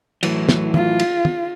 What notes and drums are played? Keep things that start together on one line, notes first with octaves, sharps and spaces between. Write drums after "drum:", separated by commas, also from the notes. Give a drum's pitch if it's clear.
A2 E3 F#3, drum: cymbal
drum: snare
F4, drum: tom
drum: cymbal
drum: tom